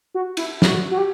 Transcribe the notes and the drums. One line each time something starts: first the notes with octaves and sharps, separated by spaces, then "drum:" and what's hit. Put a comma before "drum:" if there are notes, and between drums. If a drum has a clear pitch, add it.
F#4
E4, drum: cymbal
E4, drum: snare
F#4
F#4
G4